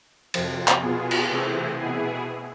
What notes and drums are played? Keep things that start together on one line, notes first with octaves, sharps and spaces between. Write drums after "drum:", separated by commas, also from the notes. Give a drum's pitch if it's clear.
F2 C3 F3, drum: cymbal
drum: clap
B2 B3 F4 G#4
drum: cymbal
C3 E3 A3 C4 G#4
B2 B3 E4 G#4